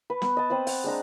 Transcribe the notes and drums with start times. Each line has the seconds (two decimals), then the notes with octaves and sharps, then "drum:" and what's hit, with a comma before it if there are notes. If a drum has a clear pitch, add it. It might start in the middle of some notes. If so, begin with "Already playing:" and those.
0.10 B4
0.22 B3, drum: snare
0.37 D#5 A5
0.50 C4 C5 B5 D#6
0.67 F#5, drum: open hi-hat
0.84 G#3 D4 A#5